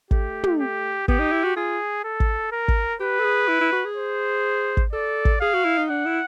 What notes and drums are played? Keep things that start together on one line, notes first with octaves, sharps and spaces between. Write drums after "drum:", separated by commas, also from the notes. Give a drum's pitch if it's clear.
A3 G4, drum: kick
drum: tom
G4
B3 G4, drum: kick
D#4
E4
F#4
F4 G#4
A4
drum: kick
A#4
drum: kick
G4 B4
A4
G#4
E4
E4
F#4
G#4
C5
drum: kick
A4 D5
drum: kick
G#4 F5
F#4
E4
D#4
D4 F#5
E4